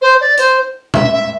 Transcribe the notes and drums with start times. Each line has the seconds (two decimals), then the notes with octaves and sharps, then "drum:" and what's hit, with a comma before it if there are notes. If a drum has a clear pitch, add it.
0.01 C5
0.20 D5
0.38 C5, drum: hi-hat
0.94 E5, drum: tom B2
1.12 E5